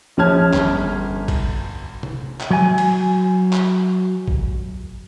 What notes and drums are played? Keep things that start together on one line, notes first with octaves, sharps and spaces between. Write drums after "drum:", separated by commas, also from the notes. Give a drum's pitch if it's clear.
A#1 F3 C#4 A5 F6 G#6
G1, drum: clap
drum: kick, cymbal
drum: tom
drum: clap
F#3 G#5
drum: cymbal
drum: clap
drum: kick